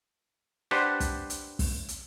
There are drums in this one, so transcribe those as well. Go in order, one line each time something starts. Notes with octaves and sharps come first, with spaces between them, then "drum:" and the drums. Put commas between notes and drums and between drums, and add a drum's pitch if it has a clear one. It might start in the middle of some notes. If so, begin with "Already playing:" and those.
D4 G4 B4 C5 F#5, drum: rim click
drum: kick, hi-hat
drum: hi-hat
drum: kick, open hi-hat
drum: hi-hat